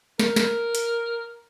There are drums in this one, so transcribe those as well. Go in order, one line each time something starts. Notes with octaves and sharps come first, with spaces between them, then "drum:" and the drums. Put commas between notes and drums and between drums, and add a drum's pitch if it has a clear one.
A#4, drum: snare
drum: snare
drum: hi-hat